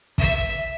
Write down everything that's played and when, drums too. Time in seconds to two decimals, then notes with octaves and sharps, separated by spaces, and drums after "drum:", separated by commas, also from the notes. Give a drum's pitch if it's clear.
0.18 E5, drum: kick